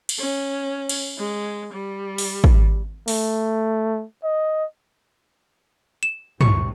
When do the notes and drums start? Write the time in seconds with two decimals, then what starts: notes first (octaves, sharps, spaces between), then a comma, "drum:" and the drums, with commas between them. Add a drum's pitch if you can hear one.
0.09 drum: cymbal
0.19 C#4
0.89 drum: cymbal
1.18 G#3
1.73 G3
2.18 drum: open hi-hat
2.44 drum: kick
3.08 A3, drum: open hi-hat
4.23 D#5
6.03 E7
6.41 C2 A2 C3 C#6, drum: tom